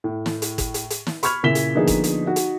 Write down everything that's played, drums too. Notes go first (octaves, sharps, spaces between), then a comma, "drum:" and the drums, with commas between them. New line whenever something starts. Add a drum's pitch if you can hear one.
A2
drum: snare
drum: hi-hat
drum: kick G1, hi-hat
drum: hi-hat
drum: hi-hat
drum: snare
B5 C#6 F6 G#6 F7, drum: hi-hat
A#2 C#3 E4 B6 E7 G7
drum: hi-hat
D3 F3 A#3 B3 D#4 G#4
drum: kick G1, hi-hat
drum: hi-hat
D#4 F#4
drum: hi-hat